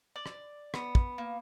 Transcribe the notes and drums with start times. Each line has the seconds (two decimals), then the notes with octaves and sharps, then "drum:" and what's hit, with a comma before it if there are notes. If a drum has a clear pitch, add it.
0.16 D5
0.26 drum: rim click
0.74 B3, drum: rim click
0.95 drum: kick
1.18 A#3